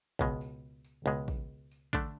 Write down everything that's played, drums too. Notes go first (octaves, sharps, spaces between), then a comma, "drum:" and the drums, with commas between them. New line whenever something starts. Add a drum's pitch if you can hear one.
C#2 B2 G#3, drum: kick
drum: tambourine
drum: tambourine
C#2 B2 G#3
drum: kick, tambourine
drum: tambourine
D3 A3 D4, drum: kick